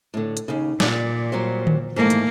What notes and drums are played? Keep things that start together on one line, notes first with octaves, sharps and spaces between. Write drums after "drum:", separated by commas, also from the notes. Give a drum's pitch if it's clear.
A2 D3
drum: hi-hat
D#2 C#3
A#2 D5, drum: snare
F#3 G3 C5
drum: tom D3
G#2 E3 A3 A#3
drum: hi-hat